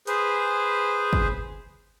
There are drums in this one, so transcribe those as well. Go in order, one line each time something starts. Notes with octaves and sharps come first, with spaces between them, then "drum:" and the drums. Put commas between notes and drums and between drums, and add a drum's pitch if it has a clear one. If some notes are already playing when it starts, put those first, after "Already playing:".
G#4 B4 C5, drum: hi-hat
drum: kick